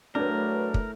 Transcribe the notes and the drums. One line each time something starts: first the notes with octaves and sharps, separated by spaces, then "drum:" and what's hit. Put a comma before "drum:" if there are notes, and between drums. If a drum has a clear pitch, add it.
A2 F#3 D4 A#4 B4
drum: kick